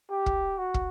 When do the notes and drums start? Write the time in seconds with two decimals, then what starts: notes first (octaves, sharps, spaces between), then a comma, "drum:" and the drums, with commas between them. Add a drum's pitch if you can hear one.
0.10 G4
0.26 drum: kick
0.58 F#4
0.74 drum: kick